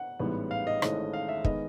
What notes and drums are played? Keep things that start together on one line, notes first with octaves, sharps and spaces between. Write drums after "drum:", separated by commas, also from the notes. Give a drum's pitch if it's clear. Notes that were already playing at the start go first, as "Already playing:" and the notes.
Already playing: F#5
A1 G#2 E3 G3 B3
F5
D#5
G#1 G#2 E3 A3 C#4, drum: rim click
F5
E5
D#3 G#3 B3 D#5, drum: kick